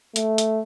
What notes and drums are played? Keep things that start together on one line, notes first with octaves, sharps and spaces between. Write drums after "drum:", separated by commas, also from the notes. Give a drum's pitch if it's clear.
A3, drum: hi-hat
drum: hi-hat